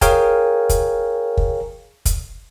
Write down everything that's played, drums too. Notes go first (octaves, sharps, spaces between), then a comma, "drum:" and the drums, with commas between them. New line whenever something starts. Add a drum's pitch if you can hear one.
G#4 A#4 C#5 F5 G5 G#5, drum: kick, hi-hat
drum: kick, hi-hat
drum: kick
drum: kick, hi-hat